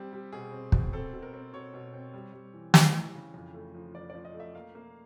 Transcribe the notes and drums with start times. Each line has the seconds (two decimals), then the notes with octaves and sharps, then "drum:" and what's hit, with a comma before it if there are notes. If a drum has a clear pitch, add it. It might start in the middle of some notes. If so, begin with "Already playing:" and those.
Already playing: G3 C4 G4
0.13 G3
0.32 B2 G#4
0.52 C4
0.72 B2, drum: kick
0.93 C4 A4
1.13 B2
1.23 A#4
1.33 C4
1.53 B2 C#5
1.74 B2
1.93 C4
2.13 G3
2.33 G3
2.54 E3
2.74 E3, drum: snare
2.94 E3
3.15 C#3
3.34 F2
3.54 A3
3.74 F3
3.95 F3 D5
4.10 D5
4.15 F3
4.25 D#5
4.34 A3
4.40 E5
4.55 A#3 F5
4.75 A#3